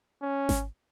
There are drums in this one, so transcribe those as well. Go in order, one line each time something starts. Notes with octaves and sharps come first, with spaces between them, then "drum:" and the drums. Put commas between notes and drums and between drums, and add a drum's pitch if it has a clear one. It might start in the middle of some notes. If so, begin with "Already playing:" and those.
C#4
drum: snare G#1